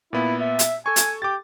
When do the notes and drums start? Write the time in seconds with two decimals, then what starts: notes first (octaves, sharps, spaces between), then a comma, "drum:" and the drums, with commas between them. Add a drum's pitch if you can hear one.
0.13 A#2 B3 E4
0.40 E5
0.59 drum: hi-hat
0.86 A4 G#5 C#6
0.96 drum: hi-hat
1.22 G4 D6 A6